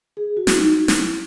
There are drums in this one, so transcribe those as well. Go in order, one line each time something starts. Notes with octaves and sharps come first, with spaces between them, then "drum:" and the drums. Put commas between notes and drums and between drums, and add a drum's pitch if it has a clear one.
G#4
F#4
E4, drum: snare
D#4
E4
drum: snare